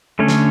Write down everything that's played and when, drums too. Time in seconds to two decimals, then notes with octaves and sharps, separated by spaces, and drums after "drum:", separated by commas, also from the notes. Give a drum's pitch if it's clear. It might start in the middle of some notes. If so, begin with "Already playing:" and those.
0.19 D3 A3 C#4
0.28 drum: snare